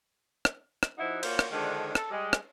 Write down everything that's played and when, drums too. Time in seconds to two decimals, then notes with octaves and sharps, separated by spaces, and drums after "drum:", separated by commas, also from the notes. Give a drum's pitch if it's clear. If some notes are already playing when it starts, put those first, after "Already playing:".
0.45 drum: rim click
0.83 drum: rim click
0.98 F3 D#4 E4 F#4
1.23 A#3 F4 F#4 C5 C#5, drum: cymbal
1.39 drum: rim click
1.51 D3 D#3 F3 G#3 D4
1.95 A4, drum: rim click
2.11 G3 G#3
2.33 drum: rim click